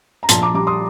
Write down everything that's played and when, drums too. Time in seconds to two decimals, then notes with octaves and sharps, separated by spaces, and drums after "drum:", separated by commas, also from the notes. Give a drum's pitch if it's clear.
0.23 A#5
0.29 A#1 A5 C6, drum: hi-hat
0.42 A#5 D6
0.54 G3 A#5 D6
0.67 C6 D#6